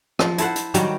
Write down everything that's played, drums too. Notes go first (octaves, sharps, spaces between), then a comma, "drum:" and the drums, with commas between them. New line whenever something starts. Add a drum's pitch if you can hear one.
F3, drum: rim click
E4 A4 C5 F#5, drum: hi-hat
drum: hi-hat
D#3 F#3 G3 G5, drum: hi-hat